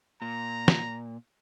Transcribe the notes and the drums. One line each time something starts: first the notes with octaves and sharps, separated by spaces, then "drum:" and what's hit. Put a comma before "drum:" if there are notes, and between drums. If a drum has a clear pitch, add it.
A#2 A#5
drum: snare